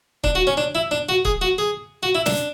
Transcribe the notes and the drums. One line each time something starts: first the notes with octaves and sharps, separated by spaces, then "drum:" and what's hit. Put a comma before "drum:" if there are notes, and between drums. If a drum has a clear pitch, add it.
D4, drum: kick
F#4
C#4
D4
E4
D4
F#4
G#4, drum: kick
F#4
G#4
F#4
E4
D4, drum: snare